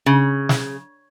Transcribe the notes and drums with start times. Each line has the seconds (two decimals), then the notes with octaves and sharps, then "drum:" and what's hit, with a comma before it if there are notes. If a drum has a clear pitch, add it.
0.06 C#3
0.49 drum: snare